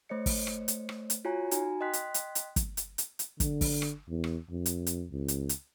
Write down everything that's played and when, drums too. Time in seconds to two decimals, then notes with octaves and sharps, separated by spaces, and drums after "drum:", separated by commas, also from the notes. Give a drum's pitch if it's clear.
0.09 A3 C5 C#5 D#5 C#7
0.26 drum: kick, open hi-hat
0.47 drum: rim click
0.68 drum: hi-hat
0.89 drum: rim click
1.10 drum: hi-hat
1.25 F4 F#4 C#5 G#5 A#5
1.51 D#4 F#4 G#5 A#5, drum: hi-hat
1.81 D#5 G5 C6 F#6 B6
1.93 drum: hi-hat
2.14 drum: hi-hat
2.35 drum: hi-hat
2.56 drum: kick, hi-hat
2.77 drum: hi-hat
2.98 drum: hi-hat
3.19 drum: hi-hat
3.40 D3, drum: kick, hi-hat
3.61 drum: kick, open hi-hat
3.82 drum: rim click
4.09 E2
4.24 drum: rim click
4.51 F2
4.66 drum: hi-hat
4.87 drum: hi-hat
5.11 C#2
5.28 drum: hi-hat
5.49 drum: hi-hat